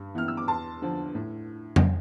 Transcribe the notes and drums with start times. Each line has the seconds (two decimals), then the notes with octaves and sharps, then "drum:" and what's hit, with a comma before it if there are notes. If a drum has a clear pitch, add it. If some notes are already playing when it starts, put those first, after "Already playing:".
Already playing: G2
0.14 E3 B3 E4 F6
0.28 E6
0.37 D6
0.48 E2 A5 C6
0.82 D3 F3
1.15 A2
1.76 drum: tom